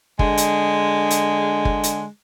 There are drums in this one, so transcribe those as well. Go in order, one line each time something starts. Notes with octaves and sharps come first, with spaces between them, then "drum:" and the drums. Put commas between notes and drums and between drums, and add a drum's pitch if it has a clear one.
D3 G#3, drum: kick
drum: hi-hat
drum: hi-hat
drum: kick
drum: hi-hat